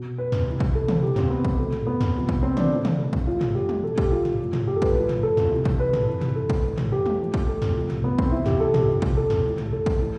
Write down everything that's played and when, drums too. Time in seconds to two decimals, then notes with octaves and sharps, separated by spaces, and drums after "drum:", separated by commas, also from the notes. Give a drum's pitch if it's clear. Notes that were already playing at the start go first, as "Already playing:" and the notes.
Already playing: B2
0.18 B4
0.32 drum: tom
0.46 C3 E3
0.60 drum: kick A#1
0.75 A4
0.88 drum: tom
1.02 C3 E3 G4
1.16 C4, drum: tom
1.30 B3
1.45 drum: kick A#1
1.58 B2 A3
1.73 drum: tom
1.87 B3
2.01 drum: tom
2.15 C3 F3
2.29 drum: kick A#1
2.43 C4
2.57 D4, drum: tom
2.71 A2 E3
2.85 drum: tom
3.13 drum: kick A#1
3.27 A2 E3 F4
3.41 drum: tom
3.55 G4
3.69 drum: tom
3.82 B2 A4
3.98 G4, drum: kick A#1
4.12 F4
4.25 drum: tom
4.40 A2 F3
4.53 drum: tom
4.67 G4
4.76 A4
4.82 B4, drum: kick A#1
4.95 A2 F3 B4
5.09 drum: tom
5.23 A4
5.37 drum: tom
5.51 C3 E3
5.65 drum: kick A#1
5.80 B4
5.93 drum: tom
6.07 C3 E3
6.22 drum: tom
6.36 A4
6.50 drum: kick A#1
6.64 A2 E3
6.78 drum: tom
6.92 G4
7.06 drum: tom
7.20 A2 F3
7.34 drum: kick A#1
7.48 A3
7.62 drum: tom
7.76 C3 F3
7.90 drum: tom
8.04 B3
8.19 C4, drum: kick A#1
8.31 C3 E3 E4
8.46 G4, drum: tom
8.60 A4
8.74 G4, drum: tom
8.88 C3 F3
9.02 drum: kick A#1
9.17 A4
9.30 drum: tom
9.44 A2 E3
9.58 drum: tom
9.72 A4
9.86 drum: kick A#1
10.00 A2 E3